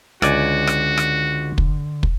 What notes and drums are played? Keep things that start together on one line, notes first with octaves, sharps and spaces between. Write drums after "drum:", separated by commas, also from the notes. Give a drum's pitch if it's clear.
C#2 D3 F#4 D5 G#5, drum: rim click
drum: rim click
drum: rim click
drum: kick
drum: kick